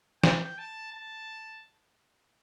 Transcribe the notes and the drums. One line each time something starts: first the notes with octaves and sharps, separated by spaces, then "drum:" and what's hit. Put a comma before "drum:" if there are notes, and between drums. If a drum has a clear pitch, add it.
G5, drum: snare
A5
A5